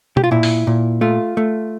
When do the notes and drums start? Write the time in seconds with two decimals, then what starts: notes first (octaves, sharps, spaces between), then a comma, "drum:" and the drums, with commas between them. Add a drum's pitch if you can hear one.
0.17 G4, drum: tom B2
0.24 F4
0.31 A#2 E4
0.43 drum: open hi-hat
0.67 A#2
1.01 A3 F4
1.37 A3